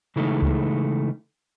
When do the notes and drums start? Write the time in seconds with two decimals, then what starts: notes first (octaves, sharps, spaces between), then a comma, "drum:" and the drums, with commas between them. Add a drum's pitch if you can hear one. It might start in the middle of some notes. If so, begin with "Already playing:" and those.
0.16 C#3 E3 G#3 A3 D#4
0.42 drum: kick C#2